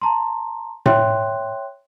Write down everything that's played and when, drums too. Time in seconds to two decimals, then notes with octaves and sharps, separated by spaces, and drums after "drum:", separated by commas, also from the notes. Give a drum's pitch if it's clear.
0.02 A5 A#5 C6
0.86 C#5 E5 G5 C6 F#6, drum: tom A2